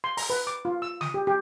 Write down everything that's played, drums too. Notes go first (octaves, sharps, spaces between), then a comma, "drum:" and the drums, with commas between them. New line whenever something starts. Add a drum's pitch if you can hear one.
C6
A#5, drum: open hi-hat
B4
D6
F4
E6
D#6, drum: snare
G4
G4